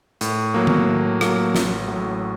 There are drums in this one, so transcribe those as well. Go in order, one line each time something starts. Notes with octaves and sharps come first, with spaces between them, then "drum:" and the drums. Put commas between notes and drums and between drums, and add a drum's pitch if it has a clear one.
A2, drum: hi-hat
F#3 A#3
drum: tom D#3
A2
F#3 A#3, drum: rim click
A1, drum: snare
A2 F#3